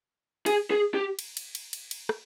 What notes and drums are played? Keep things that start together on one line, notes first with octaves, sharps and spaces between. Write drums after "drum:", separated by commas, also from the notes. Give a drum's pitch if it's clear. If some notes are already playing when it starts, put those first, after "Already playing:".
G#4, drum: cymbal
G#4
G4
drum: cymbal
drum: cymbal
drum: cymbal
drum: cymbal
drum: cymbal
drum: rim click